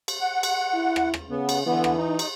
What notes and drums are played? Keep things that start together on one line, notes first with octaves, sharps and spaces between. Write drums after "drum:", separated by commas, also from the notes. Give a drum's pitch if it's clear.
drum: cymbal
F#5
drum: cymbal
E4
drum: rim click
drum: rim click
C#3 B3
drum: cymbal
D3 E3 B3
drum: rim click
D#4
drum: cymbal